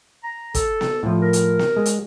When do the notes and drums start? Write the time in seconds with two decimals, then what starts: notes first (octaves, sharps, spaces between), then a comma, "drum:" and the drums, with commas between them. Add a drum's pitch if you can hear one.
0.23 A#5
0.54 A4, drum: kick, hi-hat
0.81 drum: snare B3
1.03 A2 F3
1.22 A#4
1.33 drum: hi-hat
1.59 drum: snare B3
1.76 G#3
1.86 drum: hi-hat